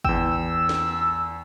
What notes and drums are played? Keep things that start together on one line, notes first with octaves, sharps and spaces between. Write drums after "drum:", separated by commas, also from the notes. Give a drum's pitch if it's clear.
E2 G5 E6, drum: kick G#1
drum: snare